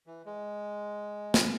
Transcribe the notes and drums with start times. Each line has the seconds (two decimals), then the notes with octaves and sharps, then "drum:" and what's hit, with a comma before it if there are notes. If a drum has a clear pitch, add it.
0.07 E3
0.26 G#3
1.34 drum: snare